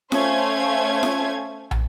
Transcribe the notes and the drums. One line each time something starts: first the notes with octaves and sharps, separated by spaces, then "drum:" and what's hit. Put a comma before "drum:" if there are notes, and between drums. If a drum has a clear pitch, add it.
A3 C#4 C5 F5 G#6, drum: snare F4
drum: snare F4
drum: tom